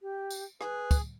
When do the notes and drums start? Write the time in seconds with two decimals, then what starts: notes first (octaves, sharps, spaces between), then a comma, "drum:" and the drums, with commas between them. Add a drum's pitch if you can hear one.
0.01 G4
0.30 drum: tambourine
0.61 G#4 B4, drum: rim click
0.91 drum: kick, tambourine